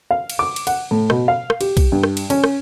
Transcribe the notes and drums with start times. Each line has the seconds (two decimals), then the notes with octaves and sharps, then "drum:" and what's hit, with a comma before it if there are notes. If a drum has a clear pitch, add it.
0.11 F5
0.30 drum: cymbal
0.39 D6
0.56 drum: cymbal
0.67 F#5, drum: cymbal
0.91 A2
1.10 B2, drum: rim click
1.28 F5
1.50 drum: rim click
1.61 G4, drum: cymbal
1.77 drum: kick B1, cymbal
1.92 G2
2.03 drum: rim click
2.17 drum: cymbal
2.30 C#4, drum: cymbal
2.44 drum: rim click